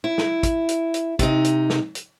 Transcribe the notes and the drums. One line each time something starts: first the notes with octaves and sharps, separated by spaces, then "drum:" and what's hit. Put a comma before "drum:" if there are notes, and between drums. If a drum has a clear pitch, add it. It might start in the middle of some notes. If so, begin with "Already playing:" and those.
E4
drum: snare
drum: kick, hi-hat
drum: hi-hat
drum: hi-hat
C3 D#4, drum: kick, hi-hat
drum: hi-hat
drum: snare
drum: hi-hat